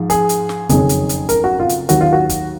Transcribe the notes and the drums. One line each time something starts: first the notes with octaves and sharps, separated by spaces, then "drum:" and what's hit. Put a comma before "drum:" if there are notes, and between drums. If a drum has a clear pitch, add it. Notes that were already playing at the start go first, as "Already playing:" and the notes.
Already playing: G#2 F3
G#4, drum: kick, hi-hat
drum: hi-hat
drum: snare
F#1 F2 D#3 F#3 G#4, drum: kick, hi-hat
drum: hi-hat
drum: hi-hat
A#4, drum: kick, hi-hat
F#4
F4
drum: hi-hat
D#2 D#3 F#3 F#4, drum: hi-hat
F4
F#4
drum: kick, hi-hat